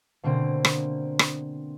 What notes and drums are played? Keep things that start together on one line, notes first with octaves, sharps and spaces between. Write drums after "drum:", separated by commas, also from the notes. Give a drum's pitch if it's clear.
B2 D3 A#3 C4
drum: rim click
drum: rim click